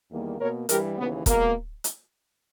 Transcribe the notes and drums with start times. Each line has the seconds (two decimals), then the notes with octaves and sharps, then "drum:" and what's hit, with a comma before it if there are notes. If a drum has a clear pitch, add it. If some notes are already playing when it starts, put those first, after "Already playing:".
0.11 E2 D#3 G3 A#3
0.39 B2 A#3 A#4 C#5
0.69 G2 E3 G3 G4 A#4, drum: hi-hat
0.98 D#2 C#3 E3 B3
1.26 B2 G#3 A#3, drum: kick, hi-hat
1.84 drum: hi-hat